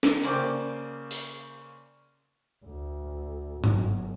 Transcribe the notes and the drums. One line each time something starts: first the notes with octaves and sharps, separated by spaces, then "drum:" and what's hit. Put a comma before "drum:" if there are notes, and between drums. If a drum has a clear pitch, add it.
drum: snare
C#3 A#3 C5 D5 G5 D6, drum: hi-hat
drum: open hi-hat
D2
G1 F#3, drum: tom G#2